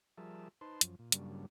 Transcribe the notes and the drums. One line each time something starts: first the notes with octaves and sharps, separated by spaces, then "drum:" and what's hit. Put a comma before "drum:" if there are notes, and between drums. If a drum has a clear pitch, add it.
F3 G3 G#4 A#4 E5 A5
D#4 B4 C5 A5 C6
F#2 F3, drum: hi-hat
A#2
G2 C#3 F#3 G3 A#3 D4, drum: hi-hat